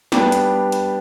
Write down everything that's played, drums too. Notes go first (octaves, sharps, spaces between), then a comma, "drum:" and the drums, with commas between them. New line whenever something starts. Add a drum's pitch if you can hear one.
G3 B3 D4 G4, drum: snare
drum: hi-hat
drum: hi-hat